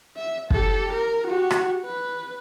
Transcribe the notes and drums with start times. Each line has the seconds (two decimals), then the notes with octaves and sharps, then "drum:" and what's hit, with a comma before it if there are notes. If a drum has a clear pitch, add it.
0.17 E5
0.50 G4 A4, drum: kick
0.93 A#4
1.27 F#4 G4
1.51 drum: rim click
1.85 B4